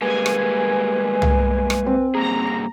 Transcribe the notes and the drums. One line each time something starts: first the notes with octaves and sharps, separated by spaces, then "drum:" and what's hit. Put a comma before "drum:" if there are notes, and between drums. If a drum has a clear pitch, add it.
G3 G#3 A#3 B4 G#5
drum: rim click
drum: tom C2
drum: rim click
C4
G2 A#3 G#4 A#5